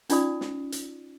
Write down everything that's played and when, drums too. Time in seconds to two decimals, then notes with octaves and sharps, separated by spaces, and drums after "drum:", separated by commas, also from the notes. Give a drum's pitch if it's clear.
0.10 C#4 D#4 F4 D5 D#6, drum: hi-hat
0.41 drum: snare
0.72 drum: hi-hat